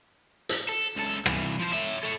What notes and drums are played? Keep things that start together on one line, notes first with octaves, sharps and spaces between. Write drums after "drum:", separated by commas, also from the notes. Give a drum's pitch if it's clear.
drum: hi-hat
A4
C#2 A4
C2 E3, drum: rim click
F3 C5
C#5 E5
A4 C#5